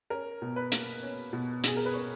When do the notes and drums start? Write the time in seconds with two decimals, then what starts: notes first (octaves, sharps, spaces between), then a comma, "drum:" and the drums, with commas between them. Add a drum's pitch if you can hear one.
0.10 C#4 A#4
0.42 B2
0.56 B4
0.72 A#3, drum: hi-hat
1.03 C#4
1.33 B2
1.64 B2 G#4, drum: hi-hat
1.77 A#4
1.85 B4
1.94 C#4 C#5